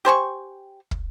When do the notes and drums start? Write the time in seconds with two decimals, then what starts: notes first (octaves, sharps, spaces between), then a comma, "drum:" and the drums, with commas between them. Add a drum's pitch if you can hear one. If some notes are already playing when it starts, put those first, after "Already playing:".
0.05 G4 C5 G#5 C#6
0.91 drum: kick